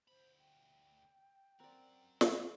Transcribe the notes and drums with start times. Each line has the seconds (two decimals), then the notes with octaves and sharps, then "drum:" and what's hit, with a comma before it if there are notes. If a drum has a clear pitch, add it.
0.08 D2 C5 B5
0.39 G5
1.60 F#2 C4 A#4 D5 F#5
2.21 drum: snare